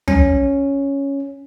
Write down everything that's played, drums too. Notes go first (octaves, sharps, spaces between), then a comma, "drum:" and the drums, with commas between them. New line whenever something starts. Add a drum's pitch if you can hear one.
C#4, drum: tom